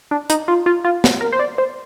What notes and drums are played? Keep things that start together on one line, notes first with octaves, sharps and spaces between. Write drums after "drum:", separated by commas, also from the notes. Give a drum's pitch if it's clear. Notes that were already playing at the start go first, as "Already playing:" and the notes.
D4
D#4, drum: hi-hat
F4
F4
F4
drum: snare
A#4
C5
D5
C5